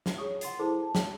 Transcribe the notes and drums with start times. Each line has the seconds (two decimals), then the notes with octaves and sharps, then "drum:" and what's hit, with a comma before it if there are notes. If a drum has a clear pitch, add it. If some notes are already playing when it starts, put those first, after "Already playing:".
0.06 drum: snare
0.18 G#4 C#5 C#6 D#6
0.41 F#5 C6 A6 C7, drum: hi-hat
0.59 E4 G#4 A4 C5 A5 D6
0.83 A5
0.95 drum: snare